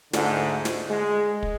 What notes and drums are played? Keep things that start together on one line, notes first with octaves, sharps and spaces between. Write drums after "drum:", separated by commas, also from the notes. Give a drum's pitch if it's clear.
D2 G#2 D3, drum: snare
drum: snare
G#3
drum: kick